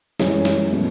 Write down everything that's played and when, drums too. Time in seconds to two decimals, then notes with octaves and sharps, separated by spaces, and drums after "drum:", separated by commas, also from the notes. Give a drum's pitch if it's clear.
0.20 F#2 E3 G#3 C#5, drum: snare
0.45 drum: snare
0.72 B2 A3 C#4